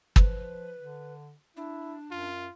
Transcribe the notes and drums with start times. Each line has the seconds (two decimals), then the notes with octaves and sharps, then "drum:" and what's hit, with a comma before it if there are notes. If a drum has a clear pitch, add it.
0.16 F3 B4, drum: kick
0.79 D3
1.57 D4 E4
2.11 F#2 F4